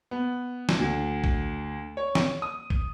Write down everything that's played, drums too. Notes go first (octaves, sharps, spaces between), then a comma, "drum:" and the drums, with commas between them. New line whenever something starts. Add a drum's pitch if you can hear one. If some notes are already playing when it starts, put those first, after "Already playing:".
B3
drum: snare
D2
drum: kick A1
C#5
drum: snare
D#6
drum: kick A1